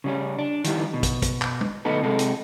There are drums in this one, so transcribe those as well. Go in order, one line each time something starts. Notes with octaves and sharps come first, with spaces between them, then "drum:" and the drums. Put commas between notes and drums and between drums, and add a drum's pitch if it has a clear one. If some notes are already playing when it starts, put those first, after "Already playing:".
C#3 G3 C#4
D4
D#3 E3 G3, drum: hi-hat
B2
drum: kick, hi-hat
drum: kick, hi-hat
drum: clap
drum: tom
D2 B3 D#4 A4
C3 G#3 A4
drum: hi-hat